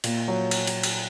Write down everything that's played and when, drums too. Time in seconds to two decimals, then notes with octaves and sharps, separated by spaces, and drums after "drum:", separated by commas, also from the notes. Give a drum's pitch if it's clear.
0.04 A#2, drum: cymbal
0.28 F#3
0.51 drum: cymbal
0.67 drum: cymbal
0.83 drum: cymbal